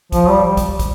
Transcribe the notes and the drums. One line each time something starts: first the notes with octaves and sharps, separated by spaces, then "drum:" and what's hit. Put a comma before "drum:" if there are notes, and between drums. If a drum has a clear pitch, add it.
F3, drum: kick, hi-hat
G3
drum: kick, hi-hat
drum: kick, hi-hat